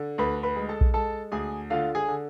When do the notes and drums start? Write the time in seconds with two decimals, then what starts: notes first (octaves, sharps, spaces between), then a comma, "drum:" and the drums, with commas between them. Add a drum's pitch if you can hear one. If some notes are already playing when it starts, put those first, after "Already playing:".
Already playing: D3
0.18 D2 B4 B5
0.43 B4 B5
0.56 G#3
0.69 A4 A5
0.81 drum: kick A#1
0.94 G#3 A4 A5
1.32 D2 G#4 G#5
1.70 D3 F4 F5
1.95 G#4 G#5
2.08 D3